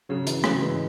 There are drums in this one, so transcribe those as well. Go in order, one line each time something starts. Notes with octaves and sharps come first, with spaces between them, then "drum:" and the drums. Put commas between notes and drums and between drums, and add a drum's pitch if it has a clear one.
C#3 F#3
E3, drum: hi-hat
C#3 F#3, drum: rim click
E3 G#3